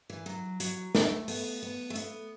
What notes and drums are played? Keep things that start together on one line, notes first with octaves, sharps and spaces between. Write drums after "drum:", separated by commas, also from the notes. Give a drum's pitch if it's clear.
E3
F#3
F#3, drum: hi-hat
A3, drum: snare
B3, drum: open hi-hat
B3
A3
B3, drum: hi-hat